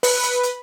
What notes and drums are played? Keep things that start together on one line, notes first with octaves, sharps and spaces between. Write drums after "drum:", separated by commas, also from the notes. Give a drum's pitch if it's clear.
B4, drum: open hi-hat
drum: hi-hat
drum: hi-hat